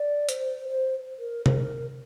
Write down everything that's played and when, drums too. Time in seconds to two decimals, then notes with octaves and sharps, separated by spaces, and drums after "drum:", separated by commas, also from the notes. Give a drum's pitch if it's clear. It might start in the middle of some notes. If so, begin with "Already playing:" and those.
Already playing: D5
0.29 C5, drum: hi-hat
0.68 C5
1.19 A#4
1.46 A#4, drum: tom C3